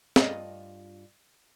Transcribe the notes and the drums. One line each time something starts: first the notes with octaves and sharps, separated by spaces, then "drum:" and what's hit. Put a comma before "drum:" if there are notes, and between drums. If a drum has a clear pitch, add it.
G2 F4 D#5, drum: snare